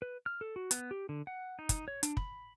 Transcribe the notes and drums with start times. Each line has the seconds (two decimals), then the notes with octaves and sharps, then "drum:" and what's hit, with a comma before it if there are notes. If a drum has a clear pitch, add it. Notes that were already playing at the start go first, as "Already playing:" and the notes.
0.02 B4
0.26 F6
0.41 A4
0.56 F#4
0.71 B3, drum: hi-hat
0.91 G4
1.09 D3
1.27 F#5
1.59 D#4
1.69 drum: kick, hi-hat
1.88 C#5
2.03 D4, drum: hi-hat
2.17 B5, drum: kick